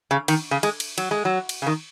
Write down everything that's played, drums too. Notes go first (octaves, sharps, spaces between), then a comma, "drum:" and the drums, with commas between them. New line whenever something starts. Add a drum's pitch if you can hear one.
C#3
D#3, drum: cymbal
C#3
G#3, drum: cymbal
drum: cymbal
F#3, drum: cymbal
G#3
F#3
drum: cymbal
C#3
D#3